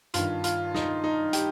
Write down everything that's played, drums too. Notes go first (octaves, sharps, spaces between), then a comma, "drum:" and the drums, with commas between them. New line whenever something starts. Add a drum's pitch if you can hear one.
G2 D#3 F4, drum: hi-hat
F4, drum: hi-hat
D#4, drum: snare
D#4
G4, drum: hi-hat